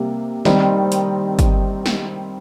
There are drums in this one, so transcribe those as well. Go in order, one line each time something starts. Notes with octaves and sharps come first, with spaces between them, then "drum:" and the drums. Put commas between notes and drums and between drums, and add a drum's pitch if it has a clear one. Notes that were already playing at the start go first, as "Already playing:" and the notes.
Already playing: C3 G3 A#3
D#3 G3 C4 D#4, drum: snare
drum: hi-hat
drum: kick, hi-hat
drum: snare